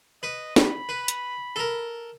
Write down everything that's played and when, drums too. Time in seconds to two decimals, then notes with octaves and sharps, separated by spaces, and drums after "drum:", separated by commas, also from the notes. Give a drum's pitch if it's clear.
0.23 B4 D#5
0.56 B5, drum: snare
0.89 B4
1.08 drum: hi-hat
1.56 A4 A#4